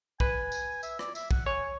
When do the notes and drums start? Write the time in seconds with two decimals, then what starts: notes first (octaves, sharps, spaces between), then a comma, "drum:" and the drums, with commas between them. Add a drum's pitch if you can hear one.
0.20 B4 G#5, drum: kick
0.52 drum: tambourine
0.83 E5, drum: tambourine
0.99 D5, drum: rim click
1.15 E5, drum: tambourine
1.31 F#5, drum: kick
1.46 C#5 G#5